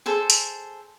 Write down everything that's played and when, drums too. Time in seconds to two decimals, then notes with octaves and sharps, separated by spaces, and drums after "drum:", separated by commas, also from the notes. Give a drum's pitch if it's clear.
0.06 G#4 A4 C5
0.30 drum: hi-hat